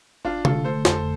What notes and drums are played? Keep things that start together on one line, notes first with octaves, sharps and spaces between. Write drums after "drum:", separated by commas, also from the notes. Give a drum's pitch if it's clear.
G1 D4 F4
D3 F4 A4, drum: tom
A3 A4 C5
F2 A4 C5, drum: snare